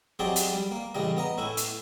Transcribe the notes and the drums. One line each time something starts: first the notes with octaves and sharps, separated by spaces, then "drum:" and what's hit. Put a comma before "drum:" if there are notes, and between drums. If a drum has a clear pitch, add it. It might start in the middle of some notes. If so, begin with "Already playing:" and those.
F#3 C4 G4 G#4 D5 D#5
drum: hi-hat
G3
A#3
A1 C#3 G3 D#5
B3 D#5 A#5
A2 C#4 E4
drum: hi-hat